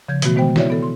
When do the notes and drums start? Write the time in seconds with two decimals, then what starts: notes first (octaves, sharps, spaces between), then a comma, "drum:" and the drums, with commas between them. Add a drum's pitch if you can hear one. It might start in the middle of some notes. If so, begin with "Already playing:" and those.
0.08 C#3 F3 G6 G#6
0.22 B2 E3 A3 B3 F#4, drum: hi-hat
0.36 D#3 G#3 B3 C5 G5
0.56 E4 F#4 C#5 D5 E5, drum: snare
0.70 B3 A4
0.83 C6